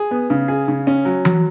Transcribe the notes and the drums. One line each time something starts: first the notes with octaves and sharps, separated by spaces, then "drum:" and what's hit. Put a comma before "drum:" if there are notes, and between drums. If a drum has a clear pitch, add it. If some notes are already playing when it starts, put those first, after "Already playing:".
Already playing: G#4
B3
C#3
G#4
C#3
C#4
F#3
F#3, drum: tom E3